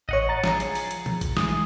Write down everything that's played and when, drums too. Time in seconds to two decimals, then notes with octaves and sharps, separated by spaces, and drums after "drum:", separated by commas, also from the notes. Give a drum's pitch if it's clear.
0.09 A1 C#5 D#5 F#5
0.29 A#5 A6 C#7
0.44 F3 G#4, drum: snare
0.60 drum: hi-hat
0.75 drum: open hi-hat
0.91 drum: hi-hat
1.06 drum: tom B2
1.21 drum: kick G#1, hi-hat
1.37 E3 G#3 G#4 D#6, drum: snare